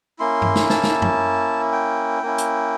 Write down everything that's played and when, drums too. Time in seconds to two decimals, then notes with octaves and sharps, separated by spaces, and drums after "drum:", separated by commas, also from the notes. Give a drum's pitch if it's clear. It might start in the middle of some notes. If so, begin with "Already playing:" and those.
0.19 A#3 C#4 E4 C6
0.42 drum: tom G2
0.56 drum: snare
0.70 A5, drum: snare
0.83 drum: snare
1.02 drum: tom
1.72 G5
2.22 A#3 C#4 E4
2.38 drum: hi-hat